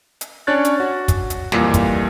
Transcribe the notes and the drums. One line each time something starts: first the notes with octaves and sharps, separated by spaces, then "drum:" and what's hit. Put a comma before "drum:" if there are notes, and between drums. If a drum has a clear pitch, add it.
drum: hi-hat
C#4 D4 C#5 F#6 A6
drum: hi-hat
F#4
drum: kick, hi-hat
drum: hi-hat
F2 A#2 E3 G3, drum: snare
drum: kick, hi-hat